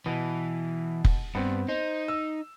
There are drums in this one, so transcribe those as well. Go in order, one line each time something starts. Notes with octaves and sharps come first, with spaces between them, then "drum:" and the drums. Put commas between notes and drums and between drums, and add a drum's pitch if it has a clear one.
B2 E3
drum: kick F1
G2 B3 C4
D#4 C5
E6